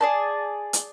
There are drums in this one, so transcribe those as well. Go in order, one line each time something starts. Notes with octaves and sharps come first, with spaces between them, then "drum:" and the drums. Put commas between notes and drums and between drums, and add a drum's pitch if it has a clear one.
G#4 D5 A5
drum: hi-hat